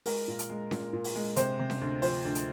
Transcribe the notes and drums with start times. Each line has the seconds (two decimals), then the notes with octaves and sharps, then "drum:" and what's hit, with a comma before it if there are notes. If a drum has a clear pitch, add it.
0.06 G#3 A#4, drum: open hi-hat
0.28 A#2
0.39 drum: hi-hat
0.49 G#3
0.71 A#2, drum: snare C#4
0.93 A#2
1.04 drum: open hi-hat
1.15 G#3
1.36 C3 C5, drum: hi-hat
1.59 C3
1.70 drum: snare C#4
1.81 D2
2.02 F3 C5, drum: open hi-hat
2.25 D2
2.35 drum: hi-hat